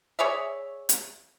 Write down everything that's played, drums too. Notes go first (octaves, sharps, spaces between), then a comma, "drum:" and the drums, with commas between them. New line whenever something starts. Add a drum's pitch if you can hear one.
G#4 C#5 D5 E5
drum: hi-hat